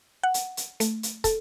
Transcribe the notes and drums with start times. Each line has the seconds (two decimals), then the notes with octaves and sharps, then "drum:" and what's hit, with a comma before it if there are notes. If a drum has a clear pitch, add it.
0.23 F#5
0.34 drum: hi-hat
0.57 drum: hi-hat
0.80 A3, drum: hi-hat
1.03 drum: hi-hat
1.24 A4, drum: kick, hi-hat